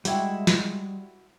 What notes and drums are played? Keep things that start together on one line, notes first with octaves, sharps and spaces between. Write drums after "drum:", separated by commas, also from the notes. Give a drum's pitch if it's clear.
G3 G#3 E4 F#4 G5 C6, drum: hi-hat
drum: snare